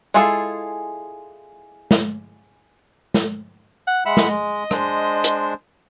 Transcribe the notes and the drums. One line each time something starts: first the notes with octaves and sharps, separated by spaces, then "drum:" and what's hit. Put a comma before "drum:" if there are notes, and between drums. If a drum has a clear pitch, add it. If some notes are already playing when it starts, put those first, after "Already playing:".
G#3 E4 F4 G#4 A4
drum: snare
drum: snare
F#5
G#3 E5 F#5 B5
drum: snare
G#3 D#5
G#3 D4 C5, drum: rim click
drum: hi-hat